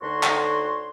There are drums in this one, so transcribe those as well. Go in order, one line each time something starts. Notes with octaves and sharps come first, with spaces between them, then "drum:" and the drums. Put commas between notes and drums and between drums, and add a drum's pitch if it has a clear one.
D2 D3 D#4 F#4 C#5 C6
drum: clap